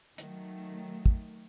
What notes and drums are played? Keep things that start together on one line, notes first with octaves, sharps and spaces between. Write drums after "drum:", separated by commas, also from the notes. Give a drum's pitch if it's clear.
D#3 F#3 A3, drum: hi-hat
drum: kick